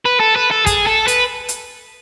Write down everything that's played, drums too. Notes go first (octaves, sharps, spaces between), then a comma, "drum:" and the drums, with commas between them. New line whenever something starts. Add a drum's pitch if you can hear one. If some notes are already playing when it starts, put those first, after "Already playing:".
B4
A4
B4
A4
G#4, drum: kick, hi-hat
A4
B4, drum: hi-hat
drum: hi-hat